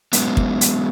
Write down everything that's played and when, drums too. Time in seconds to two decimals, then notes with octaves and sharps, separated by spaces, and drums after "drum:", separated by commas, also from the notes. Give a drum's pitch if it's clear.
0.13 F#3 G#3 B3, drum: hi-hat
0.37 drum: kick
0.61 drum: hi-hat